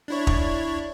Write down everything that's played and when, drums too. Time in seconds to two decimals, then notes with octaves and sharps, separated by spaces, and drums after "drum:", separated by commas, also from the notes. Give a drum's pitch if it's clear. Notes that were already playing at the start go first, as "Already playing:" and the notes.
0.08 D4 E4 C#5
0.27 drum: kick